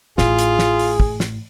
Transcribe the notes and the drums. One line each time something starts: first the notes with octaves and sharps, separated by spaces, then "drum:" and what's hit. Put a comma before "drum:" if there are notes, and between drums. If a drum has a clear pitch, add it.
A1 A2 F4 G#4, drum: snare
drum: hi-hat
drum: snare
drum: open hi-hat
drum: kick
drum: snare